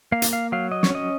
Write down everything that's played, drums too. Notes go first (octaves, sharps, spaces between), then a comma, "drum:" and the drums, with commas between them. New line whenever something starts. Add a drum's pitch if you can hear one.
A#3 F5
drum: hi-hat
F5
F#3 F5
D#5
C#5, drum: snare
C#4 D#5